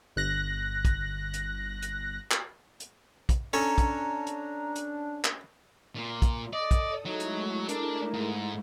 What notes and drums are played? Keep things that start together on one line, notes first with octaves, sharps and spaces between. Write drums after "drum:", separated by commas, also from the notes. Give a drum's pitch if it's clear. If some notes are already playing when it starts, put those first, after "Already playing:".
G1 F#6 A#6
drum: kick, hi-hat
drum: hi-hat
drum: hi-hat
drum: clap
drum: hi-hat
drum: kick, hi-hat
C#4 D4 A4 C#5 A#5
drum: kick, hi-hat
drum: hi-hat
drum: hi-hat
drum: clap
A#2
drum: kick, hi-hat
A4 D5 D#5 D#6
drum: kick, hi-hat
F#3 G#3 A3 D#4 E4
drum: hi-hat
D4 A#4, drum: hi-hat
G#2